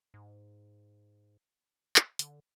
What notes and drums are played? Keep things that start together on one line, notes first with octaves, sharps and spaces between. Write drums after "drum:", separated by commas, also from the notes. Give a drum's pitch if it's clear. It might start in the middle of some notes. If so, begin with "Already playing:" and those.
G#2
drum: clap
D3, drum: hi-hat